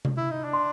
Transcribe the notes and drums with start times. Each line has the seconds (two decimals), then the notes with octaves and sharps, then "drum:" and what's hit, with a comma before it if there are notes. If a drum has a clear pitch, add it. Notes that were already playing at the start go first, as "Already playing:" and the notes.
0.05 drum: tom C3
0.17 E4
0.31 D#4
0.44 D4
0.53 C6